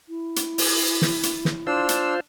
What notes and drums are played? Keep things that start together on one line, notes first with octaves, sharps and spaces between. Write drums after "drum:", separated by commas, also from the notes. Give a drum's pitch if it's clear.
E4
drum: hi-hat
drum: open hi-hat
drum: snare
drum: hi-hat
drum: snare
D4 F4 C5 E6
drum: hi-hat